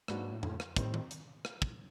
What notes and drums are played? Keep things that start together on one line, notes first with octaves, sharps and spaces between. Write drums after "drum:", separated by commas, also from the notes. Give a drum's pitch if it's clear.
G#2 F#3 A#3 D4 F#4 B4, drum: rim click
A2
drum: tom F2
drum: rim click
A2 D#3 G3 C4, drum: kick, hi-hat
drum: tom D#3
drum: hi-hat
drum: rim click
drum: kick